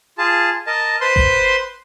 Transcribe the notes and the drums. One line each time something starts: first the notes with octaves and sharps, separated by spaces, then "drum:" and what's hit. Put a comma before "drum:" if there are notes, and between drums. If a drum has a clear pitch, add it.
F4 G#4 A5
A#4 D#5 A5
B4 C5 C6
drum: kick G1